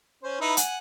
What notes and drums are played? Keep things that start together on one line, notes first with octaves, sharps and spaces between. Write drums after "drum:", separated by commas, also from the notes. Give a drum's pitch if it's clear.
C#4 C5
D#4 E4 B4
F#5 G#5, drum: hi-hat